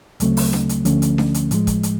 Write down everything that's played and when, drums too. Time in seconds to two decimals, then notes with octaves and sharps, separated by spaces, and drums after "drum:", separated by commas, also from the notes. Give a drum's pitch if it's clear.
0.20 D2 C#3 F#3 A3 C4, drum: hi-hat
0.37 drum: open hi-hat
0.53 drum: snare D4
0.69 drum: hi-hat
0.85 D2 D3 F3 A3 C#4, drum: hi-hat
1.02 drum: hi-hat
1.18 drum: snare D4
1.34 drum: hi-hat
1.51 A2 F3 G#3, drum: hi-hat
1.67 drum: kick, hi-hat
1.83 drum: hi-hat